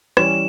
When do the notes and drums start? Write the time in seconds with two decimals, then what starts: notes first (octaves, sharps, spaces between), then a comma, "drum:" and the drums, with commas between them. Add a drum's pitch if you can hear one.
0.17 E3 G3 C#4 E7, drum: rim click